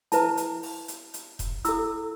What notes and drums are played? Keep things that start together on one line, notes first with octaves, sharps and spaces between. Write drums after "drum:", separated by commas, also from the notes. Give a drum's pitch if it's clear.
E4 B4 A5, drum: hi-hat
drum: hi-hat
drum: open hi-hat
drum: hi-hat
drum: hi-hat
drum: kick E1, hi-hat
E4 A4 E6, drum: hi-hat